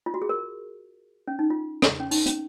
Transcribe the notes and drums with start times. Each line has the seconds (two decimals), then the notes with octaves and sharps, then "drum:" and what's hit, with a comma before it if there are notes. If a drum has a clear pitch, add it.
0.06 F4
0.14 F#4
0.22 G#4
0.29 A#4
1.28 C#4
1.39 D#4
1.50 F4
1.82 drum: rim click
2.00 C#4
2.11 D#4, drum: open hi-hat
2.26 C#4, drum: hi-hat